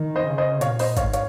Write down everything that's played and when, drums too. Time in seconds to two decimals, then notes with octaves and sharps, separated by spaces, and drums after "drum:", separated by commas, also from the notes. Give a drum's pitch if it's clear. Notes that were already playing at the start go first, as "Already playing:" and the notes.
Already playing: D#3
0.16 C5 D#5
0.27 C#3
0.38 C5 D#5
0.61 A#2 C#5 F5, drum: hi-hat
0.79 C5 D#5, drum: open hi-hat
0.97 G#2 C#5 F5, drum: kick G#1, hi-hat
1.13 C#5 F5, drum: hi-hat